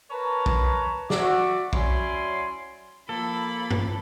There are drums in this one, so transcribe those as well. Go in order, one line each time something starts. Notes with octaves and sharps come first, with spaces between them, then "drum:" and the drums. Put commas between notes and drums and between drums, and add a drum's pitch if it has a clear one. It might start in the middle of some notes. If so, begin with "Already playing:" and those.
A#4 B4 C#5 A5 A#5
drum: kick A#1
F#4 D5 E5, drum: snare
F#3 C#4 E4 D5 G#5 C6, drum: kick A#1
F3 A#3 A4 B5
drum: tom